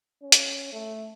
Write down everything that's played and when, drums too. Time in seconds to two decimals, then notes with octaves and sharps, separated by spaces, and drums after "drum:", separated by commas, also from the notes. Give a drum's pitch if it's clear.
0.23 C#4
0.32 drum: hi-hat
0.73 A3